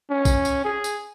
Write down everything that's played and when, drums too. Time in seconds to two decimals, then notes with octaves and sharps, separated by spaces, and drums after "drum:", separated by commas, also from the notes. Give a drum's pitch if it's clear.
0.10 C#4
0.25 drum: kick A#1, tambourine
0.45 drum: tambourine
0.65 G#4
0.84 drum: tambourine